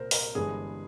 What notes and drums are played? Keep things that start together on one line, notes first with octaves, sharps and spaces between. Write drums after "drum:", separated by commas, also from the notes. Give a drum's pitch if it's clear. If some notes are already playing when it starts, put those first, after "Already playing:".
Already playing: C2 A#2 G3 A#4 C5
A#4, drum: open hi-hat
G1 G2 E3 G#3 G#4